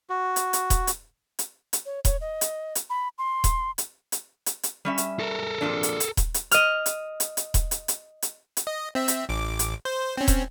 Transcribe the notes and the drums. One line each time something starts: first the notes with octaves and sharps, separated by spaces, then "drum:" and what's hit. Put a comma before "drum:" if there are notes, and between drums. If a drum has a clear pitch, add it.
F#4
drum: hi-hat
drum: hi-hat
drum: kick D#1, hi-hat
drum: hi-hat
drum: hi-hat
drum: hi-hat
C#5
C#5, drum: kick D#1, hi-hat
D#5
drum: hi-hat
drum: hi-hat
B5
C6
drum: kick D#1, hi-hat
drum: hi-hat
drum: hi-hat
drum: hi-hat
drum: hi-hat
G3 C#4 E5
drum: hi-hat
A4 A#4
F2 A#2 D4
drum: hi-hat
drum: hi-hat
drum: kick D#1, hi-hat
drum: hi-hat
D#5 F6, drum: hi-hat
drum: hi-hat
drum: hi-hat
drum: hi-hat
drum: kick D#1, hi-hat
drum: hi-hat
drum: hi-hat
drum: hi-hat
drum: hi-hat
D#5
C4 E5
drum: hi-hat
A1 D6
drum: hi-hat
C5
C4 C#4
drum: kick D#1, hi-hat